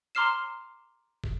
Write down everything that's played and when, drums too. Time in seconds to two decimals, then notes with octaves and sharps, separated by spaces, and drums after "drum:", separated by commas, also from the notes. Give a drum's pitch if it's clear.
0.15 A#5 C6 D6 F6 C7 E7
1.24 drum: kick